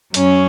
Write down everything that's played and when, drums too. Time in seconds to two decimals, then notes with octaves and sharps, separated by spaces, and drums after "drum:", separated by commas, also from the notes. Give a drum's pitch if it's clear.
0.14 F#2 F#3 C#4, drum: hi-hat